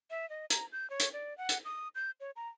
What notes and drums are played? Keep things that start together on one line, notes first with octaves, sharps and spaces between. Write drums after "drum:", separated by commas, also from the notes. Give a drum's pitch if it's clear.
E5
D#5
A#5, drum: hi-hat
G6
C#5
drum: hi-hat
D5
F#5
drum: hi-hat
D#6
G6
C#5
A#5